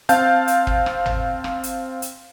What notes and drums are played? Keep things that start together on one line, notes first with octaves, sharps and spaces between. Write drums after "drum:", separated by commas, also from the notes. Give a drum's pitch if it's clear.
C4 F5 A5 G6, drum: hi-hat
drum: hi-hat
drum: kick
drum: rim click
drum: tom
drum: rim click
drum: hi-hat
drum: hi-hat